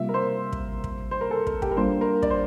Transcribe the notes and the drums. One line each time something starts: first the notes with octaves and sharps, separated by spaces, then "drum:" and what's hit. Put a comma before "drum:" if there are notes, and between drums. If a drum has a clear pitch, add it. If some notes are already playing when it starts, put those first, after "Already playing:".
Already playing: C3 G3 A#3 F4 E5
A#4
C5
drum: kick
drum: kick
C5
A#4
A4
A#4, drum: kick
G4, drum: kick
A#4
G3 A#3 D4 F4 C5
A#4
D5, drum: kick
C5